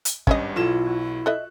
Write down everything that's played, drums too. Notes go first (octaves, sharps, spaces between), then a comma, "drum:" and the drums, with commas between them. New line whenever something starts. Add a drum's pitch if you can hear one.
drum: hi-hat
G#1 G2 C#4 C#5 D#5, drum: kick
B1 E4 F4 A4 G#6 E7
F#4
A4 D#5 E5 F#6